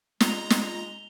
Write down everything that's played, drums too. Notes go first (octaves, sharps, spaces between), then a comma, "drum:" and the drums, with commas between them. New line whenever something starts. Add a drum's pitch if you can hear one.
G#3 F4 A#5 F7 G7, drum: snare
drum: snare